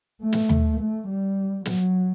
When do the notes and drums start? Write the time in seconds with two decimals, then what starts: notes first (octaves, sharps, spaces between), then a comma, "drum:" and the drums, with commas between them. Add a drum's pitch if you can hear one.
0.22 A3
0.33 drum: snare
0.49 drum: tom D#2
0.80 A3
1.08 G3
1.66 F#3, drum: snare